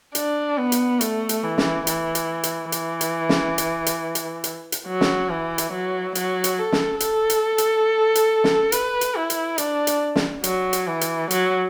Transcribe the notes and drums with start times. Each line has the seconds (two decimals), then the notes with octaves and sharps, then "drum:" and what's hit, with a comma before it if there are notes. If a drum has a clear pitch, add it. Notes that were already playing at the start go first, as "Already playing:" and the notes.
0.15 D4, drum: hi-hat
0.57 B3
0.72 drum: hi-hat
1.01 A3, drum: hi-hat
1.29 drum: hi-hat
1.43 E3
1.58 drum: snare
1.87 E3, drum: hi-hat
2.15 drum: hi-hat
2.43 drum: hi-hat
2.72 E3, drum: hi-hat
3.01 drum: hi-hat
3.29 drum: snare
3.58 drum: hi-hat
3.86 drum: hi-hat
4.15 drum: hi-hat
4.44 drum: hi-hat
4.72 drum: hi-hat
4.87 F#3
5.01 drum: snare
5.30 E3
5.58 drum: hi-hat
5.72 F#3
6.15 F#3, drum: hi-hat
6.44 drum: hi-hat
6.59 A4
6.72 drum: snare
7.00 A4, drum: hi-hat
7.30 drum: hi-hat
7.58 drum: hi-hat
8.15 drum: hi-hat
8.44 drum: snare
8.72 B4, drum: hi-hat
9.01 drum: hi-hat
9.15 E4
9.30 drum: hi-hat
9.58 D4, drum: hi-hat
9.87 drum: hi-hat
10.16 drum: snare
10.44 F#3, drum: hi-hat
10.73 drum: hi-hat
10.87 E3
11.01 drum: hi-hat
11.31 F#3, drum: hi-hat